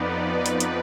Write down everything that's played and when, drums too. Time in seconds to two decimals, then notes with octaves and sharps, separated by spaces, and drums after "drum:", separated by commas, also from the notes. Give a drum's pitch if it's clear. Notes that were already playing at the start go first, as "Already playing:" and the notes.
Already playing: F2 F3 B3 D#4 B4 D5
0.46 drum: hi-hat
0.60 drum: hi-hat